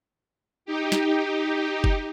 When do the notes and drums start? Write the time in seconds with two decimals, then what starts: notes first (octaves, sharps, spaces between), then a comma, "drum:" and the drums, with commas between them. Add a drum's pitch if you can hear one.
0.66 D#4 G4
0.92 drum: snare
1.84 drum: kick F#1